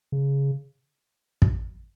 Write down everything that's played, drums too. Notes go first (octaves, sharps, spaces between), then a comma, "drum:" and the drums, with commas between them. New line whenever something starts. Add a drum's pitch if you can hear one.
C#3
B2, drum: kick